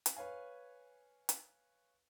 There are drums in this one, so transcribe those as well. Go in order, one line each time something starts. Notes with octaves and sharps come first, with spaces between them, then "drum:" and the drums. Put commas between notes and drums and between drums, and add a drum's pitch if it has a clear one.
drum: hi-hat
B4 C#5 F5 G#5
drum: hi-hat